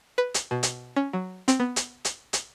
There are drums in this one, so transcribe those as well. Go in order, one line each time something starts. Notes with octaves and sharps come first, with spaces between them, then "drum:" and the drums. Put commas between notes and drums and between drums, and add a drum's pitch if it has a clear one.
B4
drum: hi-hat
B2
drum: hi-hat
C#4
F#3
C4, drum: hi-hat
B3
drum: hi-hat
drum: hi-hat
drum: hi-hat